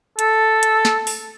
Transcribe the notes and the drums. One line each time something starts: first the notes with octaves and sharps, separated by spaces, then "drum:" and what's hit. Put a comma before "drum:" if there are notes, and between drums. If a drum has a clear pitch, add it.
A4, drum: hi-hat
drum: hi-hat
drum: snare
drum: open hi-hat